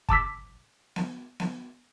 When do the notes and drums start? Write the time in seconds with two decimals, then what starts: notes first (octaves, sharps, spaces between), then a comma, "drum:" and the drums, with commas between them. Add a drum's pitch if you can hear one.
0.09 A5 D6 E6 B6, drum: kick
0.96 drum: snare B3
1.40 drum: snare B3